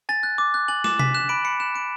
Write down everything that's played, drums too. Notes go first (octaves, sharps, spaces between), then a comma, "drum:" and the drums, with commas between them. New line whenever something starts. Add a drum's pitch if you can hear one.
G#5 A6
F#6
D6
F#6
G#5 F#7
D6 E7, drum: snare
G#5 B6, drum: tom C3
F#6 E7
B5 D7
B5 C#7
F#6 E7
F#6 D7